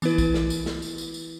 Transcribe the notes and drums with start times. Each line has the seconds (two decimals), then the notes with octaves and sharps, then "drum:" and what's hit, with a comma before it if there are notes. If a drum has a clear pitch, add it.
0.02 E3 B3 E4 B4, drum: tambourine
0.18 drum: kick, tambourine
0.34 drum: snare
0.50 drum: tambourine
0.66 drum: snare
0.82 drum: tambourine
0.98 drum: tambourine
1.14 drum: tambourine